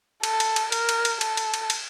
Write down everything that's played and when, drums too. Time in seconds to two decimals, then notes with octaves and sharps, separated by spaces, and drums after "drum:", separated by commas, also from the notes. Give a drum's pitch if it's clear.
0.23 A4, drum: cymbal
0.40 drum: cymbal
0.56 drum: cymbal
0.72 A#4, drum: cymbal
0.89 drum: cymbal
1.05 drum: cymbal
1.21 A4, drum: cymbal
1.37 drum: cymbal
1.54 drum: cymbal
1.70 drum: cymbal